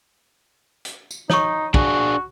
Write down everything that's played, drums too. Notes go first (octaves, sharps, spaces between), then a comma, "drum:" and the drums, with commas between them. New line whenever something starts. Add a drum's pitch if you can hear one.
drum: hi-hat
drum: tambourine
D#4 C#5 C#6, drum: snare
D4 F#4 G#4, drum: kick